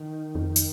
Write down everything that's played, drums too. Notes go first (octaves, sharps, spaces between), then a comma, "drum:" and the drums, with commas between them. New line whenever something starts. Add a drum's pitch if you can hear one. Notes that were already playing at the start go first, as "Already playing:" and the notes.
Already playing: D#3
F2
drum: hi-hat